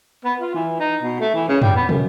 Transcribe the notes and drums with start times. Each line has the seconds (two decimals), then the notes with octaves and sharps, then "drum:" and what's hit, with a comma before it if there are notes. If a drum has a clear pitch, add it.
0.25 B3
0.41 F4
0.55 E3
0.80 D#4
1.03 B2
1.20 A3
1.35 E3
1.49 C#3
1.62 G3, drum: tom
1.76 B3
1.89 F#2, drum: tom